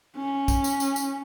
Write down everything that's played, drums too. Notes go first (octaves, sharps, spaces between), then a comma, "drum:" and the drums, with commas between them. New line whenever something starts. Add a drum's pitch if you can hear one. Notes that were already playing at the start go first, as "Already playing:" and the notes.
C#4
drum: kick, tambourine
drum: tambourine
drum: tambourine
drum: tambourine